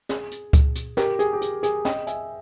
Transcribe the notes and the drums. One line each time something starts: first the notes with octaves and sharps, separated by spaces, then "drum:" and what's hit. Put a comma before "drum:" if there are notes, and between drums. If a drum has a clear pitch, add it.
G#4, drum: snare
drum: hi-hat
drum: kick C#2, hi-hat
drum: hi-hat
G4 A#4, drum: snare
G#4, drum: hi-hat
G4
G#4, drum: hi-hat
G#4, drum: hi-hat
D#5 G5, drum: snare
E5 G#5, drum: hi-hat